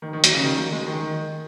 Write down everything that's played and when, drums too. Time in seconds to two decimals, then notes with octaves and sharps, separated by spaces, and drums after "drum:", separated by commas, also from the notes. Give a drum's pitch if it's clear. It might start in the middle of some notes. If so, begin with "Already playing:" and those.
0.02 D#3
0.13 D#3
0.24 F#3, drum: hi-hat
0.34 C#3
0.44 D#3
0.58 F#3
0.72 G#3
0.86 D#3